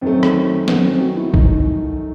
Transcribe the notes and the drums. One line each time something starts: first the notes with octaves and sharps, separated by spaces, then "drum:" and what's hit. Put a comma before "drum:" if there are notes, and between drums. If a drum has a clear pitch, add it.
F#2 D#3 F#3 A3 C4
drum: rim click
B3, drum: snare
C4
F#4
E4
D#4, drum: kick